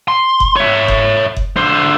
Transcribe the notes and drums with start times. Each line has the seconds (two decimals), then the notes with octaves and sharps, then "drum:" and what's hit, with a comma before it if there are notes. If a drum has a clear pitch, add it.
0.08 C6
0.40 drum: kick F#1
0.56 C#5 E5
0.88 drum: kick F#1
1.37 drum: kick F#1
1.57 D3 C5